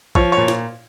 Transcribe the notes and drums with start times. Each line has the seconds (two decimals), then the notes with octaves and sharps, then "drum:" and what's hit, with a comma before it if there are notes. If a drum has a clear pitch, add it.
0.15 F3 C#5, drum: kick
0.32 A#2 C#5
0.48 drum: snare